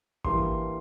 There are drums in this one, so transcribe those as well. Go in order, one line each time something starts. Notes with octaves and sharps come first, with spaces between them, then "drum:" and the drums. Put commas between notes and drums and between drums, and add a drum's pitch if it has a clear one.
E3 G3 A#3 D4 C6, drum: kick G#1